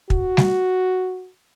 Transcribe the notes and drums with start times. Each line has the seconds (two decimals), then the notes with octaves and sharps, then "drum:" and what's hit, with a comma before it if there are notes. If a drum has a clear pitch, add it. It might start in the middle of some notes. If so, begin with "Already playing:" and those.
0.10 F#4, drum: kick
0.37 drum: snare G3